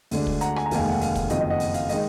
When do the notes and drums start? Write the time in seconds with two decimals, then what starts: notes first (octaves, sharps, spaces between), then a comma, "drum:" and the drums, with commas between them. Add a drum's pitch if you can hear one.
0.11 D2 D3 G#3 D4, drum: open hi-hat
0.27 drum: kick
0.41 F#5 A#5, drum: hi-hat
0.56 G#5, drum: rim click
0.66 A#5
0.71 F1 D#2 D#3 G#3 F5 G#5, drum: open hi-hat
0.89 F#5
1.01 F5, drum: open hi-hat
1.15 drum: kick, hi-hat
1.30 F#1 F2 D#3 D#5, drum: hi-hat
1.40 D#5
1.50 D#5 F#5
1.60 drum: open hi-hat
1.74 F5, drum: hi-hat
1.89 D#3 G#3 D#4 D#5, drum: open hi-hat